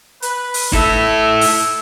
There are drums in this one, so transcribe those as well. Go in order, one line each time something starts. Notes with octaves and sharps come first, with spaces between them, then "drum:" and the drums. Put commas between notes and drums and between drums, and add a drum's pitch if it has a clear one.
B4, drum: hi-hat
drum: open hi-hat
E4 A4 E5, drum: kick
drum: open hi-hat